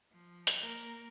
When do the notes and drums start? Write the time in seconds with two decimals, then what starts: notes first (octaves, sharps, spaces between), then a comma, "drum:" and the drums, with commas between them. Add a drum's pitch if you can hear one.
0.12 F3
0.47 drum: hi-hat
0.58 A#3 A#4